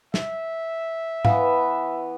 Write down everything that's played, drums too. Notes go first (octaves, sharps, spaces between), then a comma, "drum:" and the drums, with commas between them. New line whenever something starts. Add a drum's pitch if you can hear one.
E5, drum: snare
E3 B3 F5, drum: tom G#2